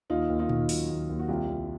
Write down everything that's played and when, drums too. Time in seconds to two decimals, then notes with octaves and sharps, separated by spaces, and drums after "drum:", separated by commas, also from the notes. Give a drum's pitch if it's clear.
0.10 D#2 D#4 F4
0.29 D#2
0.39 D#4 F4
0.49 D#3, drum: tom A#2
0.69 F#3, drum: open hi-hat
0.90 D#2
1.09 D#2
1.19 F#4
1.28 C2 F4 G4
1.48 C2